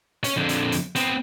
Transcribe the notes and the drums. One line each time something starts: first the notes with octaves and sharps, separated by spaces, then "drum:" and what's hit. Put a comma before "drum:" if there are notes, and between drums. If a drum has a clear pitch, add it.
C#4, drum: hi-hat
F2 D3
drum: hi-hat
drum: hi-hat
B3 C4, drum: hi-hat